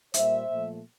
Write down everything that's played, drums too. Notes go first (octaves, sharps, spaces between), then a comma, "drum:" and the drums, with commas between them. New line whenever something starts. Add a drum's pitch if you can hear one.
A#2 G3 A#3 C5 E5, drum: hi-hat
A#2 F3 A3